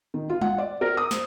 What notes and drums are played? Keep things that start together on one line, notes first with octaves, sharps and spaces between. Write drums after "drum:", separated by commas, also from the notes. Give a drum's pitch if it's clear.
D#3
F4
F#5, drum: tom
D5
A#4
D#6
C5, drum: snare